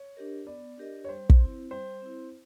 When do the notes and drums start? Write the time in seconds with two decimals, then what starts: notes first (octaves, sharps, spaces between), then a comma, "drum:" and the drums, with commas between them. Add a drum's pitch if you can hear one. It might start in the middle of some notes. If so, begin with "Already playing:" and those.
Already playing: C#5
0.16 D4 G4 A#4 D#5
0.47 B3 D5
0.78 D4 G4 A#4 D#5
1.05 C#5
1.09 G3 C5
1.30 drum: kick
1.40 C4 E4
1.71 G3 C5
2.02 C4 E4